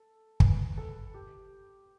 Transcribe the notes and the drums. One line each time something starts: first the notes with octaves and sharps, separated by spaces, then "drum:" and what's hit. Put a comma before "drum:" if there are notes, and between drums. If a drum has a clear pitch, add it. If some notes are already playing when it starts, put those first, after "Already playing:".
Already playing: A4
B4, drum: kick
A4
G4